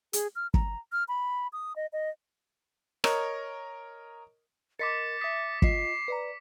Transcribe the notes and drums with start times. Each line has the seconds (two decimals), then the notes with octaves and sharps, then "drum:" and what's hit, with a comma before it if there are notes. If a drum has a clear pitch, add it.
0.13 G#4, drum: hi-hat
0.35 F6
0.54 A#5, drum: kick
0.92 F6
1.08 B5
1.53 D#6
1.76 D#5
1.93 D#5
3.04 A#4 C#5 D#5, drum: rim click
4.79 A#4 D#5 C6 D6 A6 B6 C#7
5.21 E5 D#6 B6
5.62 F4 D#5 C7, drum: kick
6.08 B4 D5 A#5